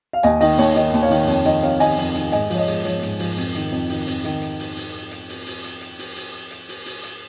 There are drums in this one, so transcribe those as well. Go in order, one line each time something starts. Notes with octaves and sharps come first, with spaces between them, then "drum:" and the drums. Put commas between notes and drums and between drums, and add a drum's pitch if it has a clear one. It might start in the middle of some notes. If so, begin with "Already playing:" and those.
F5
D#2 D#5 G#5, drum: hi-hat
D#3 D#5, drum: open hi-hat
D#2 C#5, drum: open hi-hat
D#3 D#5, drum: hi-hat
D#2, drum: hi-hat
C#5 F5
D#3, drum: open hi-hat
F2 C#5, drum: open hi-hat
D#3 D#5, drum: hi-hat
F2 C#5 F5, drum: hi-hat
D#3 D#5 G#5, drum: open hi-hat
F2, drum: open hi-hat
D#3, drum: hi-hat
G#2 D#5 G#5, drum: hi-hat
F3 C#5, drum: open hi-hat
D#5
G#2, drum: open hi-hat
F3 C#5, drum: hi-hat
G#2, drum: hi-hat
F3, drum: open hi-hat
F2, drum: open hi-hat
D#3, drum: hi-hat
F2
D#3, drum: open hi-hat
F2, drum: open hi-hat
D#3, drum: hi-hat
drum: hi-hat
drum: open hi-hat
drum: open hi-hat
drum: hi-hat
drum: open hi-hat
drum: open hi-hat
drum: hi-hat
drum: hi-hat
drum: open hi-hat
drum: open hi-hat
drum: hi-hat
drum: open hi-hat
drum: open hi-hat
drum: hi-hat